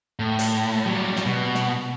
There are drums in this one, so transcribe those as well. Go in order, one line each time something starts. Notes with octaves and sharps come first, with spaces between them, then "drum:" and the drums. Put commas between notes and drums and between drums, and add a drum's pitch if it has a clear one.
A2
drum: hi-hat
F#3 G3
drum: snare
B2
drum: snare